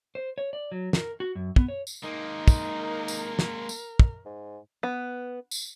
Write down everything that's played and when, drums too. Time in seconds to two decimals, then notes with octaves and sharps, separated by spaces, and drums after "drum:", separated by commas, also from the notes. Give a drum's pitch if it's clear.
0.15 C5
0.38 C#5
0.53 D5
0.72 F#3
0.93 A#4, drum: snare
1.20 F#4
1.35 F#2
1.56 B3, drum: kick
1.68 C#5
1.87 drum: tambourine
2.04 G#3 A#3 D#4 A#4
2.48 drum: kick, tambourine
3.08 drum: tambourine
3.39 drum: snare
3.69 drum: tambourine
3.99 drum: kick
4.25 G#2
4.83 B3
5.51 drum: tambourine